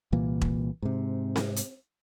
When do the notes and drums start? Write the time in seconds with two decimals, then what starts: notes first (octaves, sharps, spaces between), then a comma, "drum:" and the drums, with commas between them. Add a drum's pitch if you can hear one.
0.12 C2 A#2 E3 A#3
0.41 drum: kick E1
0.82 G#2 C3
1.36 drum: snare C4
1.56 drum: hi-hat